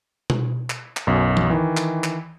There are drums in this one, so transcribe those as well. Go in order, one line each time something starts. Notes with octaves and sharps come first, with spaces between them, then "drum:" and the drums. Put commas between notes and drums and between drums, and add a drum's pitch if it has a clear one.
drum: tom B2
drum: clap
drum: clap
B1 F#2
drum: tom E3
D#3 E3
drum: clap
drum: clap